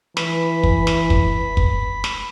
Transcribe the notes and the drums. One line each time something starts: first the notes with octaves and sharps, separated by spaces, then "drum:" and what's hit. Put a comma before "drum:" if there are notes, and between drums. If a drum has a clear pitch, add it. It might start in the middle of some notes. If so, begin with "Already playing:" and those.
E3 B4 B5, drum: snare
drum: kick
drum: snare
drum: kick
drum: kick
drum: snare